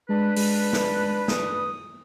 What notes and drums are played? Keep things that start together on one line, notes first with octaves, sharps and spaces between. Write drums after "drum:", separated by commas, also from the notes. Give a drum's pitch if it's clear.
G#3 D4 B4
G#3, drum: open hi-hat
drum: snare
D#6, drum: snare